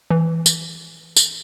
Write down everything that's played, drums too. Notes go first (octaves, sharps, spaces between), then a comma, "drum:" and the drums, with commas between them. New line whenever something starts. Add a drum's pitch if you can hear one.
E3
drum: tambourine
drum: tambourine